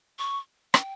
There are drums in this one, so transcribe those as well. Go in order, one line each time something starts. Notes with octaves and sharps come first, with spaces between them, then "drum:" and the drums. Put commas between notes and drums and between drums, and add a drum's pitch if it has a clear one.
C#6
G5, drum: rim click